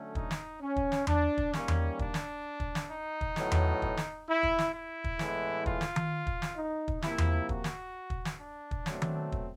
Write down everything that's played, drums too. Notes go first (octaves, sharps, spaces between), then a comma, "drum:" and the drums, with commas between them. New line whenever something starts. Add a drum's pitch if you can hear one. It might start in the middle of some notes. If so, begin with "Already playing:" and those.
Already playing: D3 F#3 A3 C#4
D#4, drum: kick
drum: snare
C#4
drum: kick
drum: snare
D4, drum: tom E2
drum: kick
D#3 G3 A#3 C#4, drum: snare
drum: tom E2
D4, drum: kick
drum: snare
drum: kick
drum: snare
D#4
drum: kick
A2 F#3 B3, drum: snare
drum: tom E2
drum: kick
drum: snare
E4
drum: kick
drum: snare
E4
drum: kick
A2 E3 G#3 B3, drum: snare
F4, drum: kick
drum: snare
drum: tom D#3
drum: kick
drum: snare
D#4
drum: kick
C3 F3 A#3 E4, drum: snare
drum: tom E2
F#4, drum: kick
drum: snare
drum: kick
drum: snare
D4
drum: kick
B2 F#3 A3 C4, drum: snare
drum: tom D#3
drum: kick